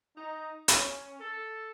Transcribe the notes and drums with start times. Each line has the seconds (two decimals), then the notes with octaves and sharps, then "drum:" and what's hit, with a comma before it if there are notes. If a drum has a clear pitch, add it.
0.15 D#4
0.68 C#4, drum: hi-hat
1.20 A4